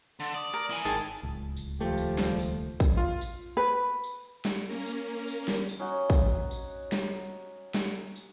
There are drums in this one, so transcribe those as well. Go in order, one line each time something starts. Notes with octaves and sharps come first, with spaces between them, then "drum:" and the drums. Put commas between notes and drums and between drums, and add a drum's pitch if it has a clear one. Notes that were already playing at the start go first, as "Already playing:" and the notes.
D3 C6 A6
D5 D#6
A#4
E4 G#5
G#1 D#3 G#4 A5
D1 C#2
drum: tambourine
D#2 F3 A3 G4
drum: tambourine
drum: snare
drum: tambourine
drum: kick, tambourine
F4
drum: tambourine
B4
drum: tambourine
drum: snare
A#3 C#4 A#4
drum: tambourine
drum: tambourine
drum: snare
drum: tambourine
C#4 D#4 F#4 D#5
drum: kick, tambourine
drum: tambourine
drum: snare
drum: snare
drum: tambourine